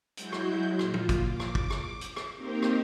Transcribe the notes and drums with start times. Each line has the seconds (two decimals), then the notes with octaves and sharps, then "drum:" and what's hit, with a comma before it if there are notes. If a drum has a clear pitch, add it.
0.17 F#3 G#3 E4 F#4 G6, drum: hi-hat
0.32 drum: rim click
0.79 A#2 F4, drum: rim click
0.94 drum: tom
1.09 drum: kick, hi-hat
1.25 D6
1.40 drum: rim click
1.55 drum: kick
1.70 drum: rim click
2.01 drum: hi-hat
2.16 drum: rim click
2.36 A#3 C4 D#4 G4 A#4 C5
2.62 drum: rim click